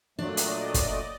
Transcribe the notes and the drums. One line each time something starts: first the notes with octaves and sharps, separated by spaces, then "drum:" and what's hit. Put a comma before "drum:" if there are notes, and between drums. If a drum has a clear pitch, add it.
A#2 F#3 A3 D4 D5 D#5
drum: hi-hat
drum: kick, hi-hat